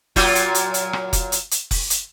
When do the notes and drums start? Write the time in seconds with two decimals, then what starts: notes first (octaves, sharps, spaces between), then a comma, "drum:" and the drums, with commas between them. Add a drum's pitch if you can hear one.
0.16 A#2 F#3 F4, drum: kick F1, open hi-hat
0.35 drum: hi-hat
0.55 drum: hi-hat
0.74 drum: hi-hat
0.93 drum: rim click
1.13 drum: kick F1, hi-hat
1.32 drum: hi-hat
1.51 drum: hi-hat
1.71 drum: kick F1, open hi-hat
1.90 drum: hi-hat